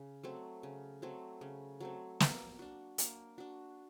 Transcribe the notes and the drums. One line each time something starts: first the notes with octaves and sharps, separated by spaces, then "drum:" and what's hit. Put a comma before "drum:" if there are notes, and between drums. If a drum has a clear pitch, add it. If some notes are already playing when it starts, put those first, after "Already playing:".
Already playing: C#3
F#3 A3 C4
C#3
F#3 A3 C4
C#3
F#3 A3 C4
A#3, drum: snare
D4 F#4
A#3, drum: hi-hat
D4 F#4